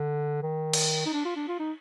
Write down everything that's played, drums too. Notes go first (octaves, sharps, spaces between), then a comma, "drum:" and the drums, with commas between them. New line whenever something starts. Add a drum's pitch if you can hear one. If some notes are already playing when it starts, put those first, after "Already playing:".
Already playing: D3
D#3
drum: cymbal
D#4
D4
F4
D4
F4
D#4